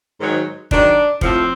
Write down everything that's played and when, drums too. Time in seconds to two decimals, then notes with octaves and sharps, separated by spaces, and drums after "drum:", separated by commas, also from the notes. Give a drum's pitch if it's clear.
0.21 G#2 D#3 F#3
0.71 G#2 D#3 F#3 D4, drum: kick
1.21 A2 F3 C4, drum: kick